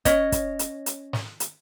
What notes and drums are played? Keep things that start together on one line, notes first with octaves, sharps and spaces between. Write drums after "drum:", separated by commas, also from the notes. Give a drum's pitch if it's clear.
C#4 C#5 D#5, drum: kick, hi-hat
drum: kick, hi-hat
drum: hi-hat
drum: hi-hat
drum: snare
drum: hi-hat